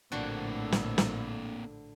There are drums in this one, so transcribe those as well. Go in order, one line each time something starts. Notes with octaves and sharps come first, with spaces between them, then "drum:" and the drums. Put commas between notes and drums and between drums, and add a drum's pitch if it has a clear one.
A#1 A2 D3 A#3 C4 F#4
drum: snare
drum: snare